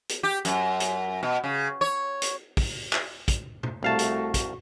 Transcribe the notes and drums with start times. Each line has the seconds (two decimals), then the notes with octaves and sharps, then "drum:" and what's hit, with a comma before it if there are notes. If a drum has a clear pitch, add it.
0.09 drum: hi-hat
0.23 G4
0.45 F#2, drum: hi-hat
0.80 drum: hi-hat
1.23 B2
1.44 C#3
1.81 C#5
2.22 drum: hi-hat
2.57 drum: kick, open hi-hat
2.93 drum: clap
3.28 drum: kick, hi-hat
3.63 drum: tom
3.83 C2 A3 F#4 F5 A5
3.99 drum: hi-hat
4.34 drum: kick, hi-hat